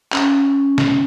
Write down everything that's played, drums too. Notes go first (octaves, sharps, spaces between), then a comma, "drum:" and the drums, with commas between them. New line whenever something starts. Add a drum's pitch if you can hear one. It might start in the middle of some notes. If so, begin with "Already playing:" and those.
C#4, drum: clap
drum: snare